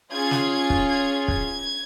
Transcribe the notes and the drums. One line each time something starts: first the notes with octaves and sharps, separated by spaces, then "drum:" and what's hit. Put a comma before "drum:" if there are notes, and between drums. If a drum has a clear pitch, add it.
C#4 F4 G#4 G#6
drum: snare
G#6
drum: kick
G#6
G#6, drum: kick